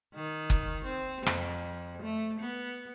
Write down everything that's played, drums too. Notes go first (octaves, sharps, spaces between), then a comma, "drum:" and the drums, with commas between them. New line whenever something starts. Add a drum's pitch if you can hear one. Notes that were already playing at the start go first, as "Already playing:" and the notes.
D#3
drum: kick F#1
C4
F2, drum: rim click
A3
B3